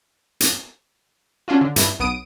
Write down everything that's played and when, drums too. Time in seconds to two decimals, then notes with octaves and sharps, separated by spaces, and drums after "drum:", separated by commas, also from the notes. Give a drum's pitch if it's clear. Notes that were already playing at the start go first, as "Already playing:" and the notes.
0.40 drum: hi-hat
1.48 C#4 D4 F4 F#4
1.61 D3
1.76 G2 E4, drum: hi-hat
2.00 B1 B3 D#6 D7 D#7